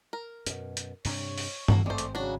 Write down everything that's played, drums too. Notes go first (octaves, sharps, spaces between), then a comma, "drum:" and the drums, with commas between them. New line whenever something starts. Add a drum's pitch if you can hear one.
A#4
F#2 B2, drum: hi-hat
drum: hi-hat
G2 C3 D4 C#5, drum: open hi-hat
drum: open hi-hat
D1 A#3 F#4 A4, drum: tom G2
G#1 G#3 A3 C4 C5 D5
drum: hi-hat
C#3 F#3 D4 F#4